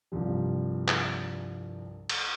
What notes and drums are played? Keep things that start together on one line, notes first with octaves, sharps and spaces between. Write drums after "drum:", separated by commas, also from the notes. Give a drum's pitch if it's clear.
C2 G2 F3 G3
drum: clap
drum: cymbal